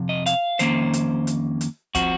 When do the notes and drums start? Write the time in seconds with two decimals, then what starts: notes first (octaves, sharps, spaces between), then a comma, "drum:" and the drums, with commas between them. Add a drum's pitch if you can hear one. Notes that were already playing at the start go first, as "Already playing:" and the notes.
Already playing: F2 C3 F3
0.09 D#5
0.26 F5, drum: hi-hat
0.59 F2 D#3 A#3 C#4 C5, drum: hi-hat
0.93 drum: hi-hat
1.27 drum: hi-hat
1.61 drum: hi-hat
1.95 F3 C4 F#4, drum: kick, hi-hat